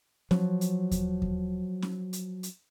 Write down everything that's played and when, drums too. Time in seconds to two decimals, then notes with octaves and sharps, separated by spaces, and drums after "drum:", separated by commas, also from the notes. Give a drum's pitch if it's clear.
0.31 F3 F#3, drum: snare C#4
0.61 drum: hi-hat
0.91 drum: kick D#2, hi-hat
1.22 drum: kick D#2
1.82 drum: snare C#4
2.13 drum: hi-hat
2.43 drum: hi-hat